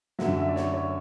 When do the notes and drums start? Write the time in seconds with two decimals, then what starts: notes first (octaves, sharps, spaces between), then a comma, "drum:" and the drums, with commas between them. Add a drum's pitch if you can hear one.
0.19 F#2 D3 F#3 E5, drum: snare
0.36 E5
0.48 D5
0.56 C#5, drum: snare
0.74 C#5